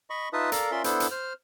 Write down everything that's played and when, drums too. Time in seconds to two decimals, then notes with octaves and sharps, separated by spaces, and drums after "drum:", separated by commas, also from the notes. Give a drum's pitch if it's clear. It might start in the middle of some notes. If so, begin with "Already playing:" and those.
0.10 D#5 B5 C#6
0.33 D#4 F4 B4 E5 A5 D#6
0.52 A4 A#4 D5 F5 A#5, drum: hi-hat
0.72 C#4 F4 A#4 D5 E5 C6
0.84 B3 D4 E4 A4 C5, drum: hi-hat
1.00 drum: hi-hat
1.11 C5 F6